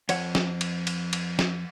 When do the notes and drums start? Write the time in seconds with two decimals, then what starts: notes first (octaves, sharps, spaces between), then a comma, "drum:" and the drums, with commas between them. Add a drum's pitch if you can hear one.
0.09 F2 C#5 F#5, drum: cymbal
0.35 drum: snare
0.61 drum: cymbal
0.87 drum: cymbal
1.13 drum: cymbal
1.39 drum: snare